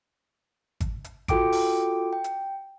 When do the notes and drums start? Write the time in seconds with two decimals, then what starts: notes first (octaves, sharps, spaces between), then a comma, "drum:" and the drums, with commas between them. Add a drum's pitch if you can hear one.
0.80 drum: kick G#1, hi-hat
1.04 drum: hi-hat
1.28 F4 F#4 A4 G5 D6 D7, drum: kick G#1, hi-hat
1.52 drum: open hi-hat
2.13 G5
2.24 drum: hi-hat